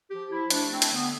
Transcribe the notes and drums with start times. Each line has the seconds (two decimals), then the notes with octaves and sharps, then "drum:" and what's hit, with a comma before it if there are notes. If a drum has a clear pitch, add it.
0.10 F3 G4
0.30 F3 E4
0.50 A3 D4, drum: hi-hat
0.71 A3 C4
0.82 drum: hi-hat
0.92 D3 B3